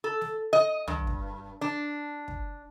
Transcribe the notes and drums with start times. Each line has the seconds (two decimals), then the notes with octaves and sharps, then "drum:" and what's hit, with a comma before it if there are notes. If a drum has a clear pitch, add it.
0.04 A4
0.21 drum: snare
0.53 D#5, drum: snare
0.88 G2, drum: tom
1.07 drum: kick
1.61 D4, drum: snare
2.28 drum: kick